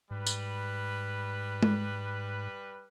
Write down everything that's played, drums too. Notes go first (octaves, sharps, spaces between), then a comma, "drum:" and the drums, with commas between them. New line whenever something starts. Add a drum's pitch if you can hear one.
G#2 G3 B4
drum: tambourine
drum: tom G#3